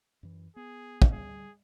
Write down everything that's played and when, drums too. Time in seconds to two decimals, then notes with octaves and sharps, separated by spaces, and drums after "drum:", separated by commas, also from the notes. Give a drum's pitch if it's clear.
0.23 F#2 E3
0.56 B3 G#4
1.02 drum: kick
1.12 D2 G3 G#4